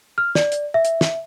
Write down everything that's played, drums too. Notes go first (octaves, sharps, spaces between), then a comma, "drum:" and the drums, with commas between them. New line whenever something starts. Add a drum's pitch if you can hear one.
F6
D5, drum: snare
drum: hi-hat
E5
drum: hi-hat
drum: snare